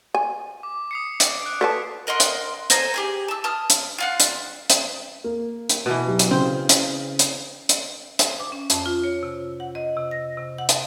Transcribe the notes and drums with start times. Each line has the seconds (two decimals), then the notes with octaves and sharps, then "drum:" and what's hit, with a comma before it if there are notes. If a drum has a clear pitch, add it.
0.15 G#5
0.63 D6
0.91 D#6 C7 C#7
1.20 drum: hi-hat
1.42 F#6 D7
1.61 A4 B4 A5 B6
2.07 A#4 D#5 F#5 C6
2.20 drum: hi-hat
2.70 A4 C5 G#5 A#5, drum: hi-hat
2.94 G4 G#4 G#5
3.28 A5 E6
3.44 A5 D#6 F6
3.70 drum: hi-hat
3.98 F4 F5 F#5
4.20 drum: hi-hat
4.70 drum: hi-hat
5.24 A#3
5.69 drum: hi-hat
5.86 B2 E3
6.07 F#3 G3
6.19 drum: hi-hat
6.31 C#3 C4
6.69 drum: hi-hat
7.19 drum: hi-hat
7.69 drum: hi-hat
8.19 drum: hi-hat
8.40 D6
8.52 C#4
8.70 F2, drum: hi-hat
8.86 F4
9.04 C#5
9.23 C3
9.60 F#5
9.75 D#5
9.97 C3
10.11 A#6
10.37 C3
10.58 F#5
10.69 drum: hi-hat